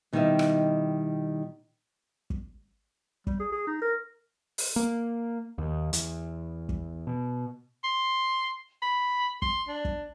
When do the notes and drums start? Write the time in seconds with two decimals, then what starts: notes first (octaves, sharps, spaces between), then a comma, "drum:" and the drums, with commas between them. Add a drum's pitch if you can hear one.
0.13 B2 D#3 G3 D#4 E4 E5
0.39 drum: rim click
2.30 drum: kick
3.27 G3, drum: kick
3.40 G#4
3.52 G#4
3.67 D#4
3.82 A#4
4.58 drum: open hi-hat
4.76 A#3
5.58 D#2
5.93 E2, drum: hi-hat
6.69 drum: kick
7.07 B2
7.84 C6
8.82 B5
9.42 C6, drum: kick
9.68 D4
9.85 drum: kick